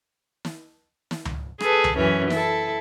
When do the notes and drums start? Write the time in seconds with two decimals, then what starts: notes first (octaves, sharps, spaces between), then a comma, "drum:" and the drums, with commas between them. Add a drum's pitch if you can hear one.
0.45 drum: snare
1.11 drum: snare
1.25 drum: tom C#2
1.60 G#4 A4 B4, drum: rim click
1.84 drum: tom C#2
1.96 F#2 E3 C#4
2.30 E4 A4, drum: snare